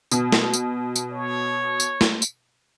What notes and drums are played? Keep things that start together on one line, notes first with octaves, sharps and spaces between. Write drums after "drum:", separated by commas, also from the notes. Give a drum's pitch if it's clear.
B2, drum: tambourine
drum: snare
drum: tambourine
drum: tambourine
C#5
drum: tambourine
drum: snare
drum: tambourine